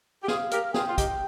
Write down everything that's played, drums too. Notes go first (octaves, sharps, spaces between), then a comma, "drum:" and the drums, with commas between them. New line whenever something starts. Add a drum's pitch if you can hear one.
G4
F4 G#4 F5, drum: snare
G4 A#4, drum: hi-hat
F4 G#4 G5, drum: snare
F4
D#4 G4, drum: kick, hi-hat